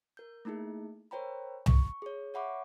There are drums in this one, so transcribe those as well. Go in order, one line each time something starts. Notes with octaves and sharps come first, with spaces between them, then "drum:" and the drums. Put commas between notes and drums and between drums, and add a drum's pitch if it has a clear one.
A#4 G6
A3 A#3 D#4 E4 G#4
A#4 C5 C#5 G5 A#5 B5
C#6, drum: tom C2
G#4 C#5
C#5 E5 F#5 B5 C#6 D6